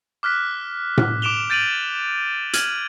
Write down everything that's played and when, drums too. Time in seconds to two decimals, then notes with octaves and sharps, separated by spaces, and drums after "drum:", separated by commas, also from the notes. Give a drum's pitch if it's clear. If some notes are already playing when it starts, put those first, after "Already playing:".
0.23 D6 F6 F#6 B6
0.98 drum: tom A2
1.22 D6 D7 E7 F7 G7
1.50 G6 A6 D7 D#7 F7 F#7
2.53 F6 G#6 D#7 F#7, drum: hi-hat